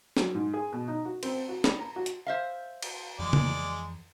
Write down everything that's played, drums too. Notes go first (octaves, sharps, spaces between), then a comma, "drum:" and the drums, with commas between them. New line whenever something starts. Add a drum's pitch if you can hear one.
F#3, drum: snare
G#2
G#4
B2
D#4
F#4
C4, drum: cymbal
F#4
B5, drum: snare
A#5
F#4
drum: hi-hat
C5 E5 F5
drum: cymbal
F2 E3 G#3 D5
drum: tom C#3